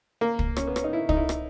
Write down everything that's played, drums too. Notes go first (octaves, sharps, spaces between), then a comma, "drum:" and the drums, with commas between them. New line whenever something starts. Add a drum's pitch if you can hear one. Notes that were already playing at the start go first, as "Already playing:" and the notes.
A#3
drum: kick
C#4, drum: rim click
B3
C#4, drum: rim click
D#4
E4
D#4, drum: kick
E4
drum: rim click